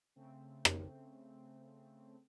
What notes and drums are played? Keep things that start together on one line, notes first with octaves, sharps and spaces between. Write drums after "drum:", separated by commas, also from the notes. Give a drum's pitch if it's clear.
C#3 A3 C4
drum: rim click